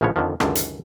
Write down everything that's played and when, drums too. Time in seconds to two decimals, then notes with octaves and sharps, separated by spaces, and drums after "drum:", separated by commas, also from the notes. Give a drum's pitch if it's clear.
0.01 A#1 A2 C#3 F3 B3 C#5
0.16 F2 D3 D#3 F3
0.40 C#2 F#2 D3 D#3, drum: rim click
0.55 drum: hi-hat